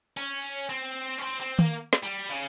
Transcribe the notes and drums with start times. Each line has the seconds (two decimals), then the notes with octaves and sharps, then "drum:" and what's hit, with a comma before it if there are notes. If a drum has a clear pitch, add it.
0.17 C#4
0.42 drum: open hi-hat
0.70 C4
1.19 C#4
1.23 C4
1.41 C4
1.59 A#3, drum: tom D#3
1.93 drum: snare
2.03 G3
2.30 C#3